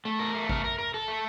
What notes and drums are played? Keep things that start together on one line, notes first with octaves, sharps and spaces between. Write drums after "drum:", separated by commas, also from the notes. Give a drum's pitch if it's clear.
A3
A#4
A3
A#4, drum: kick G#1
A#4
A#4
A4
A3